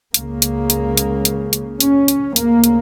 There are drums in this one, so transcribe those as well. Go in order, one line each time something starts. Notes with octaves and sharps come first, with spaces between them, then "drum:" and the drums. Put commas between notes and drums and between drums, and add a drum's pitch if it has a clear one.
C#2 C#3 A#3, drum: hi-hat
drum: hi-hat
drum: hi-hat
drum: hi-hat
drum: hi-hat
drum: hi-hat
C#4, drum: hi-hat
drum: hi-hat
D2 C#3 A#3, drum: hi-hat
drum: hi-hat